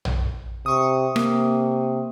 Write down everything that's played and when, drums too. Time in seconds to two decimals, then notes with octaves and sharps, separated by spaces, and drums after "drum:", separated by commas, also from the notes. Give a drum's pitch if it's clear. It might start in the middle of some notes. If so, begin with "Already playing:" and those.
0.05 drum: tom A#1
0.66 C3 C#6 D#6
1.16 C3 A#3, drum: rim click